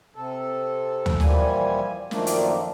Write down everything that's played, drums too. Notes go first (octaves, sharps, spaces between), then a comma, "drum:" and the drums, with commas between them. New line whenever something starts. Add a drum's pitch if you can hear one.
C3 A4
drum: tom
A#2 E3 F3 G3 G#5, drum: snare
F#2 D#3 F3 A3 A#3 D4, drum: snare
drum: hi-hat